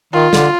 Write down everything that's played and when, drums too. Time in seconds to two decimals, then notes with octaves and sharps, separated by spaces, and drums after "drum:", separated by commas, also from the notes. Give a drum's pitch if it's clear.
0.13 D#3 F4
0.33 D3, drum: snare